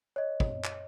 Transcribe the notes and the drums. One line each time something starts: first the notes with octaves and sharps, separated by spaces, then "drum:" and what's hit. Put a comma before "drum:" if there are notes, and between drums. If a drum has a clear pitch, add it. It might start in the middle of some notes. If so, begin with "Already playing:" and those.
C#5 D#5
drum: kick
drum: clap